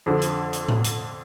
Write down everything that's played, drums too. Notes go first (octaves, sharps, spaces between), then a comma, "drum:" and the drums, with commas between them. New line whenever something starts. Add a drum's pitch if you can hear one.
F2 D3 F3
drum: hi-hat
drum: hi-hat
drum: tom A2
drum: hi-hat